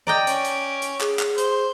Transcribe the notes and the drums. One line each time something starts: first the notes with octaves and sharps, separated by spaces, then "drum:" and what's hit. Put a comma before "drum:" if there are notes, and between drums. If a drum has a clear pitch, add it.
D5 D#5 G5 A#5
C#4 D7, drum: hi-hat
drum: hi-hat
drum: hi-hat
G#4, drum: clap
drum: clap
C5, drum: hi-hat